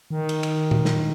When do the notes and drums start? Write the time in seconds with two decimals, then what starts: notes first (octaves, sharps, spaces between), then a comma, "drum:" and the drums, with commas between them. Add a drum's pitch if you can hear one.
0.10 D#3
0.29 drum: cymbal
0.43 drum: cymbal
0.71 drum: tom A#2
0.85 drum: snare